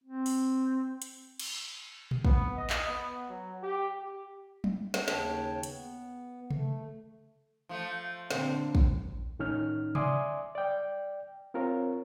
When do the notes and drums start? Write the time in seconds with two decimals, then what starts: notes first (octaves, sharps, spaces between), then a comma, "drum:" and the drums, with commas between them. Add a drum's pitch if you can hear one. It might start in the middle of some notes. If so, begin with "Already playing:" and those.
0.04 C4
0.26 drum: open hi-hat
1.02 drum: hi-hat
1.40 drum: cymbal
2.11 drum: tom A#2
2.25 B3, drum: kick
2.57 D#5
2.70 drum: clap
2.88 B3
3.29 F#3
3.63 G4
3.99 G4
4.64 drum: tom
4.94 drum: snare
5.08 D#2 C#3 C#5 G5 A5, drum: snare
5.63 B3, drum: hi-hat
6.50 A3, drum: tom C3
7.69 F3 A3
8.31 A#2 D3 C4, drum: snare
8.75 drum: kick
9.39 A2 D#3 C#4 D#4 F6
9.95 D5 E5 G#5 C6 D6 D#6, drum: tom C3
10.55 D5 G5
11.54 C4 F4 A#4 C#5